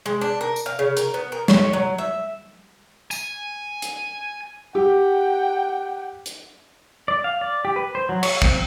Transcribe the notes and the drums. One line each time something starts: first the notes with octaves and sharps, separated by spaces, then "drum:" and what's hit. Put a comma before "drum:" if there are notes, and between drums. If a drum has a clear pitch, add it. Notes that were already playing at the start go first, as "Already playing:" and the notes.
G#3
D4
A#4
drum: tambourine
F5
C#3
A#4, drum: hi-hat
B3
A#4
C#5, drum: snare
F#3
E5
G#5, drum: tambourine
drum: hi-hat
G4 F#5 G5
drum: hi-hat
D5
F5
D5
G4
B4
C5
F#3
C#5, drum: cymbal
C4, drum: kick